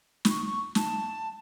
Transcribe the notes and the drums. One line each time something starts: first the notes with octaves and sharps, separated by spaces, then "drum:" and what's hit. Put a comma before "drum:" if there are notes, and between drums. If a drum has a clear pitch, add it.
B5, drum: snare
C#6
C#6
A5, drum: snare